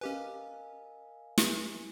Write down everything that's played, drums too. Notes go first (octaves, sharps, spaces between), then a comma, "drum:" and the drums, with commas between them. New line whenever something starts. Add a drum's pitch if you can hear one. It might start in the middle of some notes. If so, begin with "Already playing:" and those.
C#4 G4 A#4 B4 D#5 F5 G#5
drum: snare